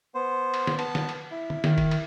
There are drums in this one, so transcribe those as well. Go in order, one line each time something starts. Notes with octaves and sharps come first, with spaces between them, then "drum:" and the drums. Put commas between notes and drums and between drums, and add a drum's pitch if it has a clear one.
B3 C5
drum: cymbal
drum: snare
B3 A5, drum: cymbal
drum: snare
drum: cymbal
E4
drum: tom
D#3, drum: snare
drum: kick, cymbal
drum: cymbal